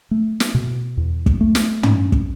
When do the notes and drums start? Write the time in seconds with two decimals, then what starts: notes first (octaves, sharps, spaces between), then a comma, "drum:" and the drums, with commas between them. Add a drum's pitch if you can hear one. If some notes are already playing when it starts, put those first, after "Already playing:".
0.11 A3
0.40 drum: snare
0.54 B2
0.97 E2
1.26 drum: kick
1.41 A3
1.55 drum: snare
1.83 C#4, drum: tom
2.12 drum: kick